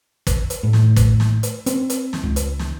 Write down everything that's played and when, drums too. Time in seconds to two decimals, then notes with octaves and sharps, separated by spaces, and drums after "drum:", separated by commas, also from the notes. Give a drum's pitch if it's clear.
0.27 drum: kick, hi-hat
0.50 drum: hi-hat
0.63 A2
0.73 drum: snare
0.97 drum: kick, hi-hat
1.20 drum: snare
1.43 drum: hi-hat
1.66 C4, drum: hi-hat
1.90 drum: hi-hat
2.13 drum: snare
2.23 C#2
2.36 drum: hi-hat
2.59 drum: snare